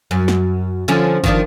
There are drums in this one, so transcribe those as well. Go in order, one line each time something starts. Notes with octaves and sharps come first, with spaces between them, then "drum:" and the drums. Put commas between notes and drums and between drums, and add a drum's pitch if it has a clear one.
F#2
drum: snare
D3 F3 C#4
D#3 F3 D4, drum: kick